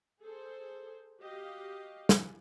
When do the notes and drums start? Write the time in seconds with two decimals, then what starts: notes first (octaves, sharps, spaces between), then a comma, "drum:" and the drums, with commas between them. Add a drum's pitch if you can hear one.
0.22 G#4 A4 C5
1.21 F#4 G4 D#5 F5
2.09 drum: snare